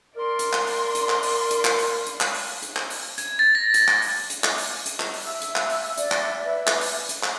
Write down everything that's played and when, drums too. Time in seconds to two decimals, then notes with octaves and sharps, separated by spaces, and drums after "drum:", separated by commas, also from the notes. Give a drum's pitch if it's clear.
0.17 A#4 D5 C6
0.39 drum: hi-hat
0.53 drum: clap
0.67 drum: open hi-hat
0.95 drum: hi-hat
1.09 drum: clap
1.23 drum: open hi-hat
1.51 drum: hi-hat
1.65 drum: clap
1.79 drum: open hi-hat
2.07 drum: hi-hat
2.21 drum: clap
2.35 drum: open hi-hat
2.62 drum: hi-hat
2.76 drum: clap
2.90 drum: open hi-hat
3.18 G#6, drum: hi-hat
3.39 A6
3.55 A#6
3.74 drum: hi-hat
3.88 drum: clap
4.02 drum: open hi-hat
4.30 drum: hi-hat
4.44 drum: clap
4.58 drum: open hi-hat
4.86 drum: hi-hat
5.00 drum: clap
5.14 drum: open hi-hat
5.25 E5 E6
5.42 drum: hi-hat
5.56 drum: clap
5.70 drum: open hi-hat
5.98 D5 E5, drum: hi-hat
6.11 drum: clap
6.44 B4
6.67 drum: clap
6.81 drum: open hi-hat
7.09 drum: hi-hat
7.23 drum: clap